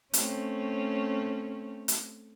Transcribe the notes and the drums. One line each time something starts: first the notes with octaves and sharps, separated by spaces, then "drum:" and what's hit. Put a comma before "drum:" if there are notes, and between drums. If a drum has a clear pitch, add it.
A3 C4 C#4, drum: hi-hat
drum: hi-hat